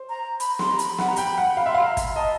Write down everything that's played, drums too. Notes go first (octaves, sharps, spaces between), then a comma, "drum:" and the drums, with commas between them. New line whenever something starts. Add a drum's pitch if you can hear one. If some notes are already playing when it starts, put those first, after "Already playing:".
Already playing: C5
A#5
B5, drum: hi-hat
C6, drum: snare
A#5
B5, drum: hi-hat
F#5 B5, drum: snare
A#5
G5 B5, drum: hi-hat
F#5
F5 B5
E5 C6
F5 B5
A#5
drum: kick, hi-hat
D#5 A5